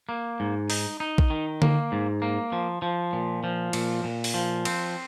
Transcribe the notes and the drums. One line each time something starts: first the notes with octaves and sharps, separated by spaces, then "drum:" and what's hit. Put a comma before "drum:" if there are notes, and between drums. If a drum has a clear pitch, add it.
A#3
G#2
D#4, drum: open hi-hat
D#4
drum: kick A#1
D#3
A#3, drum: tom D3
G#2
A#3
F3
F3
A#2
F3
A#2, drum: cymbal
A#2
drum: open hi-hat
F3
C4, drum: cymbal